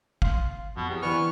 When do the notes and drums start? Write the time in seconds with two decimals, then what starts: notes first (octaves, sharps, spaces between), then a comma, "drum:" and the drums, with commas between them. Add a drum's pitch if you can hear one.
0.22 F5 C6, drum: kick
0.77 F2 B2
0.90 E2 G4
1.02 C3 E3 B3 E4 D5 G#5 C#6 F6